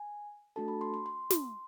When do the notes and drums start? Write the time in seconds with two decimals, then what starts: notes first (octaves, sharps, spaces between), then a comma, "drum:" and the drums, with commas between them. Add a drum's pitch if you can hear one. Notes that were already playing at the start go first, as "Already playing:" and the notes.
Already playing: G#5
0.56 A3 D4 F#4 A4 A5
0.68 B5
0.81 C6
0.94 C6
1.06 C6
1.30 drum: snare